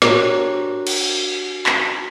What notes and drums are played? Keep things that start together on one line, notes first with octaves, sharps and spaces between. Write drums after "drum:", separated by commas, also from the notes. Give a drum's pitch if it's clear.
D4 F#4 G4 A#4 C5 C#5, drum: snare
drum: cymbal
drum: clap